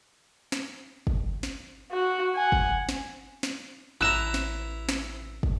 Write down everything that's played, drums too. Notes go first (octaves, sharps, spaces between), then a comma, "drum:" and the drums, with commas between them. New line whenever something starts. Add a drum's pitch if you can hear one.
drum: snare
drum: kick
drum: snare
F#4
F#5 G#5
drum: kick
drum: snare
drum: snare
A1 E4 A#5 F#6 E7
drum: snare
drum: snare
drum: kick